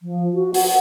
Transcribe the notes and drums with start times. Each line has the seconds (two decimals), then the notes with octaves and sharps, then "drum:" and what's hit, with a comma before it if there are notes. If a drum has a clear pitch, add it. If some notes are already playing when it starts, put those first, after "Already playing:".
0.02 F3
0.34 F#4
0.54 F#5, drum: open hi-hat